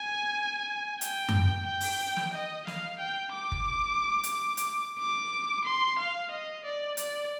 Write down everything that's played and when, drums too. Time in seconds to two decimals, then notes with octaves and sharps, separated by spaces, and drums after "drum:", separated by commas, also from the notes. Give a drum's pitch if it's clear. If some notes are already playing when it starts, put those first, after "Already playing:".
Already playing: G#5
1.01 G5, drum: hi-hat
1.28 drum: tom F#2
1.66 G5
1.80 drum: open hi-hat
2.16 drum: snare
2.33 D#5
2.67 F5, drum: snare
2.99 G5
3.33 D6
3.52 drum: kick G1
4.23 drum: hi-hat
4.57 drum: hi-hat
4.99 D6
5.64 C6
5.99 F5
6.31 D#5
6.65 D5
6.97 D5, drum: hi-hat